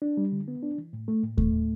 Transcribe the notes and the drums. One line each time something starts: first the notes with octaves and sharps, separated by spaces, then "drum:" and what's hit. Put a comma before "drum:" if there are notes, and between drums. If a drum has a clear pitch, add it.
D4
G3
D3
B3
D4
E3
A2
A3
A2
A3, drum: kick D#2
A2